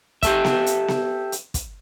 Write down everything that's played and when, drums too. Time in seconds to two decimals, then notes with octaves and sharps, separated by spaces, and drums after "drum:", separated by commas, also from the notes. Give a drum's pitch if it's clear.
0.23 G4 A4 E5, drum: kick, hi-hat
0.44 drum: snare B3
0.66 drum: hi-hat
0.88 drum: snare B3
1.32 drum: hi-hat
1.54 drum: kick, hi-hat